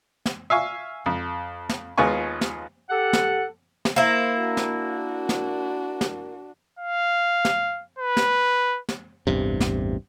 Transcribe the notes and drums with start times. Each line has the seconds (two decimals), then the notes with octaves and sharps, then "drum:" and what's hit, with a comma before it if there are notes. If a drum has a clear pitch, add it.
0.26 drum: snare
0.50 E5 F5 G#5 C#6
1.06 F2
1.69 drum: snare
1.98 D#2 G#3 B3 F4 G#5 C#6
2.41 drum: snare
2.90 G4 A4 F#5
3.13 drum: snare
3.85 drum: snare
3.96 A#3 E4 C5
4.41 D4 F#4
4.57 drum: snare
5.29 drum: snare
6.01 drum: snare
6.79 F5
7.45 drum: snare
7.99 B4
8.17 drum: snare
8.89 drum: snare
9.27 A1 E2 G2 C3
9.60 drum: snare